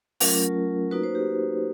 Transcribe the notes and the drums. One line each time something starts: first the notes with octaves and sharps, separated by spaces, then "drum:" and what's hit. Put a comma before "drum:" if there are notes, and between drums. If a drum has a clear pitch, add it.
F#3 A3 C#4 F4 A#4, drum: open hi-hat
A#3 D#4 F#4 B4
C5
G4